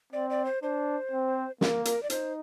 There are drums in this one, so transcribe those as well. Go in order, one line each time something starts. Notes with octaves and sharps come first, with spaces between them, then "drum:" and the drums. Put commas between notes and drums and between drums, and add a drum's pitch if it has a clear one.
C4 D5
D5
C5
D4 C5
C4
A#3 A#4, drum: snare
A#4, drum: hi-hat
D5
D#4 C5, drum: hi-hat